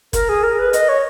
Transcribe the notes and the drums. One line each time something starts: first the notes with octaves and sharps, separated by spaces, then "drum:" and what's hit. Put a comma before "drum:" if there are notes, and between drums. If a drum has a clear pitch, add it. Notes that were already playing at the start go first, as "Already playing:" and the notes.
A#4, drum: kick F#1, hi-hat
G#4
A#4
B4
D#5, drum: hi-hat
C#5